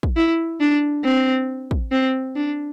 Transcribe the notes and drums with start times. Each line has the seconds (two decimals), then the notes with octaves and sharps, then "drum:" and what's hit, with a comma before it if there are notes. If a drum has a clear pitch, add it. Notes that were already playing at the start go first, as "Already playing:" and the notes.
0.03 drum: kick
0.17 E4
0.61 D4
1.04 C4
1.71 drum: kick
1.92 C4
2.36 D4